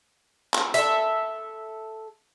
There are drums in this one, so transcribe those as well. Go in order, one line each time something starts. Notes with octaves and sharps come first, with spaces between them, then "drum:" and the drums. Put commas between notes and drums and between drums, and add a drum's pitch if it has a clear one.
drum: clap
A4 E5, drum: hi-hat